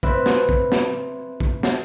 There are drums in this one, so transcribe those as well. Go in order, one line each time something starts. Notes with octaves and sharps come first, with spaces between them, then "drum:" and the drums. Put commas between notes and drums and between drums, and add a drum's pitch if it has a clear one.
C4 B4 E5, drum: kick
drum: snare
drum: kick
drum: snare
drum: kick
drum: snare